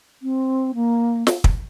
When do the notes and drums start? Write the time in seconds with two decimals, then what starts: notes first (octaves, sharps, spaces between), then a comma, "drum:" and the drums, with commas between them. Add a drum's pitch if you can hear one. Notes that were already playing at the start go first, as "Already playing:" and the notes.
0.22 C4
0.74 A#3
1.27 drum: snare
1.44 drum: kick